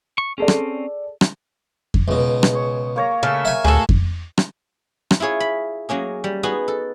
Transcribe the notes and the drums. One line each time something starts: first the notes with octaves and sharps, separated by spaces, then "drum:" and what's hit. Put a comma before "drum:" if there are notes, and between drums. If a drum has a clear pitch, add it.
C#6
C4 C#4 G#4 A4 D5
drum: rim click
drum: rim click
drum: kick F2
C#2 B2
drum: rim click
G#4 C#5
A#3 C#5 A#5
C#3 A3 F5 E6
E5 G#5
D2 A2 F#4 G#4 A4
drum: kick F2
drum: rim click
drum: rim click
E4 F4 G#4 C#5
B5
F#3 A#3 C#4 G#4
G3
B3 D#4 F#4 G#4
A4